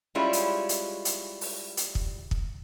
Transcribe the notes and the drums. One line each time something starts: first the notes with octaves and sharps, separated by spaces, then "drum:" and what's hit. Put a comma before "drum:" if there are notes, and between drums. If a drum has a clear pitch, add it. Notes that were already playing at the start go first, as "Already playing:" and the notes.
G3 G#3 C#4 E4 F4
drum: hi-hat
drum: hi-hat
drum: hi-hat
drum: open hi-hat
drum: hi-hat
drum: kick
drum: kick